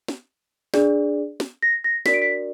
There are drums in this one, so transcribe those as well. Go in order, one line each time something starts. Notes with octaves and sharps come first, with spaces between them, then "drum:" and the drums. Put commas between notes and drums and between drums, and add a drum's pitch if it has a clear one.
drum: snare
D4 G#4 D5, drum: snare
drum: snare
A#6
A#6
D4 F#4 A#4 D5 B6, drum: snare
D7
B6